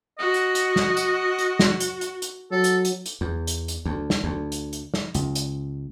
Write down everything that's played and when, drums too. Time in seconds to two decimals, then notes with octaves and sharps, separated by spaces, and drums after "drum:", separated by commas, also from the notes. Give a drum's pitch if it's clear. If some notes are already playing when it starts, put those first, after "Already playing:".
0.19 F#4 D#5
0.34 drum: hi-hat
0.55 drum: hi-hat
0.76 drum: snare
0.97 drum: hi-hat
1.39 drum: hi-hat
1.59 drum: snare
1.80 drum: hi-hat
2.01 drum: hi-hat
2.22 drum: hi-hat
2.52 F#3 A4
2.64 drum: hi-hat
2.85 drum: hi-hat
3.06 drum: hi-hat
3.21 E2
3.47 drum: hi-hat
3.68 drum: hi-hat
3.85 D2
4.10 drum: snare
4.24 D2
4.52 drum: hi-hat
4.73 drum: hi-hat
4.94 drum: snare
5.15 C#2, drum: hi-hat
5.35 drum: hi-hat